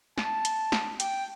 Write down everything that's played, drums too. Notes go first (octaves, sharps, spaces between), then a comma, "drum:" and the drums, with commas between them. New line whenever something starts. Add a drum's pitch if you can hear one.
A5, drum: snare
drum: hi-hat
drum: snare
G5, drum: hi-hat